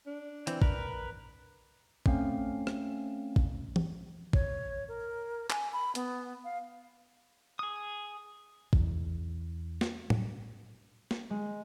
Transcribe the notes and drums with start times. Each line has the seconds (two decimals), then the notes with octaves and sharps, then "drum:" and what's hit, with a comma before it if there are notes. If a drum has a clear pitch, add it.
0.07 D4
0.47 E3 C4, drum: hi-hat
0.62 A#4 B4, drum: kick
2.06 A3 C4 C#4 F5, drum: kick
2.67 drum: rim click
3.36 drum: kick
3.76 drum: tom E3
4.33 C#5, drum: kick
4.88 A#4
5.50 G#5, drum: clap
5.73 B5
5.95 B3, drum: hi-hat
6.44 F5
7.59 G#4 D#6
8.73 E2, drum: kick
9.81 drum: snare
10.10 drum: tom A2
11.11 drum: snare
11.30 G#3